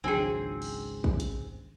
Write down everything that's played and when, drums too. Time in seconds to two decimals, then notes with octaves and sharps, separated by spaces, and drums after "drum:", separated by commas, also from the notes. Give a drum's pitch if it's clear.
0.04 G#1 C#2 F#3 C4 D4 G#4 G5
0.62 drum: cymbal
1.04 drum: kick
1.20 drum: hi-hat